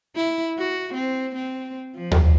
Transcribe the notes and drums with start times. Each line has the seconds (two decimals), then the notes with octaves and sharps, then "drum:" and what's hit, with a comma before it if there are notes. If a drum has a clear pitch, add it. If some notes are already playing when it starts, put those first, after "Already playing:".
0.16 E4
0.58 F#4
0.93 C4
1.35 C4
1.95 F3
2.11 drum: tom D#2